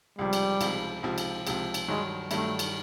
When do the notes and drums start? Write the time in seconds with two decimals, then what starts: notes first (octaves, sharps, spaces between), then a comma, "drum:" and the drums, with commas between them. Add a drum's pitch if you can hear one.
0.19 C#2 C3 F3 G3
0.33 drum: cymbal
0.61 C#2 C3 F3, drum: cymbal
1.03 C#2 C3 F3
1.18 drum: cymbal
1.47 C#2 C3 F3, drum: cymbal
1.74 drum: cymbal
1.88 G2 D#3 F#3 G#3
2.31 G2 D#3 F#3 A3, drum: cymbal
2.59 drum: cymbal